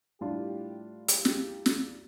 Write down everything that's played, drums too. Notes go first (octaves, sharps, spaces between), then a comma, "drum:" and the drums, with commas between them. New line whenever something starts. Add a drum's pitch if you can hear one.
A2 G3 D4 F4 G4
G4, drum: hi-hat
drum: snare
drum: snare